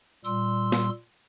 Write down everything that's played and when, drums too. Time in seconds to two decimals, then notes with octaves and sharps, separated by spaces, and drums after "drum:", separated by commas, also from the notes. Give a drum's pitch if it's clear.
0.25 A#2 G3 C6 E6, drum: tambourine
0.72 drum: snare